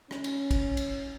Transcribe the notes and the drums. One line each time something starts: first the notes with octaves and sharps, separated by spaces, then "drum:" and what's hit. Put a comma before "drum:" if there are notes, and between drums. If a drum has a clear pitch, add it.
C#4, drum: rim click
drum: cymbal
drum: kick, cymbal
drum: cymbal